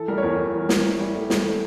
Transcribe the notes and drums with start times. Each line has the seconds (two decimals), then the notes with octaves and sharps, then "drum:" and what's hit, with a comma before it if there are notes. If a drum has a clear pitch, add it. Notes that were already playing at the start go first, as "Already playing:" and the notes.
Already playing: E3 A4
0.08 G3 A#4
0.18 C#5
0.23 E2 A#4
0.38 E3
0.54 E3 A#4
0.69 E3, drum: snare
0.85 E3
1.00 G3
1.15 A3
1.30 E2, drum: snare
1.46 A3